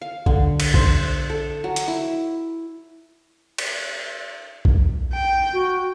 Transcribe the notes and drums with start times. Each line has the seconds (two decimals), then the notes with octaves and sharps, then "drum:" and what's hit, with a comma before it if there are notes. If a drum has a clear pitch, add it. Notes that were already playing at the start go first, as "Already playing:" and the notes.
0.01 F5
0.26 D3, drum: kick A#1
0.60 drum: cymbal
0.74 C5, drum: kick A#1
1.30 A4
1.64 F#3
1.76 drum: hi-hat
1.88 E4
3.58 drum: cymbal
4.65 drum: kick A#1
5.13 G5
5.53 F#4